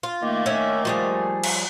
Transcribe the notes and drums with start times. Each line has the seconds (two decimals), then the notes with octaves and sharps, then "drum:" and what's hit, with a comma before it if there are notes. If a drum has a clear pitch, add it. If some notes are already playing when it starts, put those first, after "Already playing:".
0.03 F4
0.23 D#3 A3 A#3
0.46 C#4 E5
0.85 F3 G3 G#4
1.44 drum: cymbal